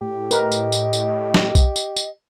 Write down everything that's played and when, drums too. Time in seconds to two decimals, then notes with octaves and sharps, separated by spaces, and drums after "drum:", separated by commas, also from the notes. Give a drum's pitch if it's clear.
0.01 A2 G4
0.31 A#4 B4 D#5, drum: tambourine
0.52 drum: tambourine
0.72 drum: tambourine
0.93 drum: tambourine
1.34 drum: snare
1.55 drum: kick B1, tambourine
1.76 drum: tambourine
1.96 drum: tambourine